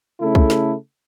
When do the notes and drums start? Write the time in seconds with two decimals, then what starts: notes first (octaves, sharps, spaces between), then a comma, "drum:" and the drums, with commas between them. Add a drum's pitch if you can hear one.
0.20 C#3 A3 E4 A4
0.35 drum: kick
0.50 drum: snare